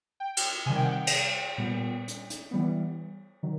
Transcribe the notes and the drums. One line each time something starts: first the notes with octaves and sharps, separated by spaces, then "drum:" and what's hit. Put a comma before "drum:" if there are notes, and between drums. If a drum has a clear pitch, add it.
G5
drum: cymbal
C3 D#3 G3 G#5
G5
F#5
G5
drum: cymbal
A#2 G3 B3
drum: hi-hat
drum: hi-hat
E3 G3 B3
D#3 F#3